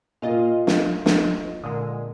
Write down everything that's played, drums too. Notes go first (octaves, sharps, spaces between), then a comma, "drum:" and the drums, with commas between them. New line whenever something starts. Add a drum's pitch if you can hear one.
A#2 F4 D#5 F5
drum: snare
drum: snare
A#2 D3 G#3 D#6